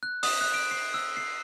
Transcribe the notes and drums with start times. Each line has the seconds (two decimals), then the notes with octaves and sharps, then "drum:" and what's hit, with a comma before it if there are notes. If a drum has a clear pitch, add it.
0.03 F#6
0.23 D#6, drum: open hi-hat
0.41 F#6
0.54 D7
0.71 C7
0.94 E6
1.17 C7